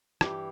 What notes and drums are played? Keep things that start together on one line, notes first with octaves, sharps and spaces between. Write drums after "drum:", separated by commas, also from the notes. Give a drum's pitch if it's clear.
G2 E3 G4, drum: rim click